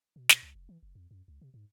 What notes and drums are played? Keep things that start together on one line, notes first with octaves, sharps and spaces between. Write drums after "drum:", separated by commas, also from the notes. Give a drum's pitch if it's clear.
B2
B2, drum: snare
C#2
F1
E3
F#1
F2
F#2
C#2
C3
G#2